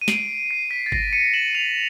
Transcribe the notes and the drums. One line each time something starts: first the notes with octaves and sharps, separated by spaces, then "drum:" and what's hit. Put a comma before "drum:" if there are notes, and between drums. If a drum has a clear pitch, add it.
D#7
C7 D7, drum: snare
C7
B6
A6
A#6, drum: kick
C#7 D#7
E7 F#7
D#7 F7